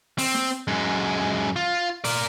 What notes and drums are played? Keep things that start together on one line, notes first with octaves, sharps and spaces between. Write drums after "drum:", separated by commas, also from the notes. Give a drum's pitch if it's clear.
C4, drum: open hi-hat
drum: snare
F#2 G#3
F4
A#4 D5, drum: open hi-hat